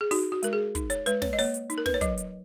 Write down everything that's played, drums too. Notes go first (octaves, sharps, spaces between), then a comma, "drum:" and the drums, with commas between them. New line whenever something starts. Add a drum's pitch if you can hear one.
G#4
D#4 F#4, drum: open hi-hat
F#4
G#3 A#4, drum: hi-hat
G#4
D#4, drum: kick, hi-hat
C#5, drum: hi-hat
G#3 B4, drum: hi-hat
C#5, drum: snare
D#5
A#3 C#5, drum: open hi-hat
drum: hi-hat
D#4, drum: hi-hat
A#4
B4, drum: snare
C#5
F#3 D#5, drum: kick, hi-hat
drum: hi-hat